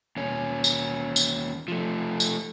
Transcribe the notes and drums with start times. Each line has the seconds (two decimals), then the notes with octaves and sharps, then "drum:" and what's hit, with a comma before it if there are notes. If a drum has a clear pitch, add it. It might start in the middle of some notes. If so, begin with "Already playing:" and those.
0.17 D#2 C#4
0.64 drum: tambourine
1.16 drum: tambourine
1.68 F3 A3
2.20 drum: tambourine